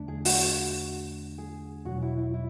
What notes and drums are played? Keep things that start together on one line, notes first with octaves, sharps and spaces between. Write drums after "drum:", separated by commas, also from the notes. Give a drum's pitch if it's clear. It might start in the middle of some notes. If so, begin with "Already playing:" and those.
Already playing: E2 D3 A3 D4
G#4
F#4, drum: open hi-hat
G#4
E2 B2 F#3 F#4
E4
E4
E4